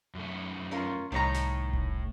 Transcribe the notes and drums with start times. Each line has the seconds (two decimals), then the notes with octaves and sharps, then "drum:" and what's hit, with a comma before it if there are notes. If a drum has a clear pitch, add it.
0.15 F#2 A3
0.71 C#4 F4 A#4
1.12 C2 A2 D#3 C#5 A#5 A#6
1.34 drum: snare
1.73 drum: kick E1